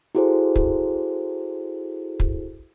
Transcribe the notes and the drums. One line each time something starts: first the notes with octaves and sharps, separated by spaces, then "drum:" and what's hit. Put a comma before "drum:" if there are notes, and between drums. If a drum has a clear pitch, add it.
E4 F#4 G#4 A4 C5
drum: kick
drum: kick